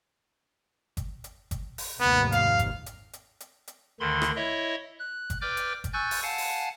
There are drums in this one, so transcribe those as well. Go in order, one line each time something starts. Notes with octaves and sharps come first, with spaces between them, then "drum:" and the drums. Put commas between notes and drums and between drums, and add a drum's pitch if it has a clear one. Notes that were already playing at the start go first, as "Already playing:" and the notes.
drum: kick G1, hi-hat
drum: hi-hat
drum: kick G1, hi-hat
drum: open hi-hat
F1 D#2 G#2 B3
F5, drum: hi-hat
drum: kick G1, hi-hat
drum: hi-hat
drum: hi-hat
drum: hi-hat
drum: hi-hat
D2 D3 D#3 B5 C6
drum: rim click
E4 C#5 D#5 E5
F#6
drum: kick G1, hi-hat
B4 D5 G5 D6 F6 G6
drum: hi-hat
drum: kick G1, hi-hat
G#5 C#6 E6 F#6 G6 A6
drum: open hi-hat
F5 F#5 G#5 A5
drum: open hi-hat